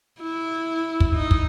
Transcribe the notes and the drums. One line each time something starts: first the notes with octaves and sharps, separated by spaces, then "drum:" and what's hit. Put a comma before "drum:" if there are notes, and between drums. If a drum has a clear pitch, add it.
E4
drum: kick
D#4
drum: kick